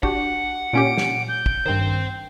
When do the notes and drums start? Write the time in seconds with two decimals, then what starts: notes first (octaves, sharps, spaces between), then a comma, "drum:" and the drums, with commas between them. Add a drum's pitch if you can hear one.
0.03 D4 F#4 G4 F#5, drum: kick
0.73 A#2 C#4 G4 D7
0.98 drum: snare
1.28 G6
1.46 drum: kick
1.66 G2 D#3 C5 G5